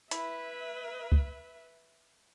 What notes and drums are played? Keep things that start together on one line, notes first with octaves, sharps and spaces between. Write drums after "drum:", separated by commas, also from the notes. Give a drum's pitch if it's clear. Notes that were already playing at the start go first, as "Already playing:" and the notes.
E4 B4 E5, drum: hi-hat
drum: kick C#2